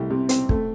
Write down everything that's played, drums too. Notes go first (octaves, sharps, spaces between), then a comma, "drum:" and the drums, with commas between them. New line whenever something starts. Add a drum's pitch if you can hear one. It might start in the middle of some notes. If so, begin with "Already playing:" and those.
Already playing: C2 A3 G4
C3
C4, drum: hi-hat
A3, drum: kick